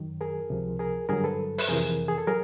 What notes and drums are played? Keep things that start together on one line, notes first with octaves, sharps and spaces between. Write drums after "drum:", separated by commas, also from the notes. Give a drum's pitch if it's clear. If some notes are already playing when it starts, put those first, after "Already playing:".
Already playing: F#2 D#3 F#3
G#4 A#4
C#2 C3 F3
G#4 A#4
G2 D3 F#3 G#4 A#4
A4 B4
B4, drum: open hi-hat
F2 C3 E3 G#4 A#4
G#4
A4
F#3 G#4 A#4